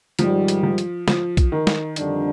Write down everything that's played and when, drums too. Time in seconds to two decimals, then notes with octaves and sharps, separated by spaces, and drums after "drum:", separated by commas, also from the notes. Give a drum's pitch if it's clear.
0.19 G#2 D#3 F3 G3, drum: hi-hat
0.48 drum: hi-hat
0.63 F3
0.78 drum: hi-hat
1.08 F3, drum: snare
1.37 drum: kick A#1, hi-hat
1.52 D#3
1.67 drum: snare
1.96 F2 D3 G3 D4, drum: hi-hat